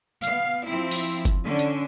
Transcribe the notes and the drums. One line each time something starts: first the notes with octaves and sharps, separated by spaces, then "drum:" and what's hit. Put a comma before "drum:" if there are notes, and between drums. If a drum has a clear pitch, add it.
B3 F5, drum: hi-hat
F3 C4 E4
drum: open hi-hat
drum: kick F#1, hi-hat
D3 C#4 D4
drum: hi-hat